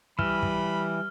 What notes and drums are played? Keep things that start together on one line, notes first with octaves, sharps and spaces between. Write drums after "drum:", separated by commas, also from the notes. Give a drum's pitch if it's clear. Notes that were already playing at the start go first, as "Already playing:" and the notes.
E3 G3 B5 F6, drum: kick
drum: kick